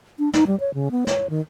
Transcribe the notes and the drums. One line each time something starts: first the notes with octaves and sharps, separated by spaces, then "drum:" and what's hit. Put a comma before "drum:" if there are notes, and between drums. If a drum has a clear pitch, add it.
D4
D#4, drum: snare
G3
C#5
C#3
B3
C#5, drum: snare
D#3